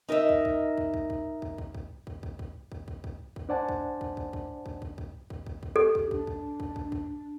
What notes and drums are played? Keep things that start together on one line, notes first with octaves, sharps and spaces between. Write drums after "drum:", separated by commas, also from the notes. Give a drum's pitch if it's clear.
D#4 A#4 D#5 E5
drum: kick
drum: kick
drum: kick
drum: kick
drum: kick
drum: kick
drum: kick
drum: kick
drum: kick
drum: kick
drum: kick
drum: kick
drum: kick
drum: kick
drum: kick
D4 C5 D5 F#5 G#5 A5
drum: kick
drum: kick
drum: kick
drum: kick
drum: kick
drum: kick
drum: kick
drum: kick
drum: kick
drum: kick
G4 A4
drum: kick
D4, drum: kick
drum: kick
drum: kick
drum: kick
drum: kick